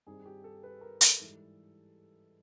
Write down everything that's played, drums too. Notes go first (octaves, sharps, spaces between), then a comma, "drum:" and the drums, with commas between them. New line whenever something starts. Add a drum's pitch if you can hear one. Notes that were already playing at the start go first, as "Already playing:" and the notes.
G2 D#3 G3 C4 D#4 G#4
G4
A4
B4
A#4
A4, drum: hi-hat
G#2 E3 G3